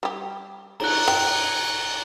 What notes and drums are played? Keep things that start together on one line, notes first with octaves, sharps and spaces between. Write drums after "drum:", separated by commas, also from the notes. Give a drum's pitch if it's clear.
G3 G4
A#5 F#6, drum: cymbal
G5, drum: rim click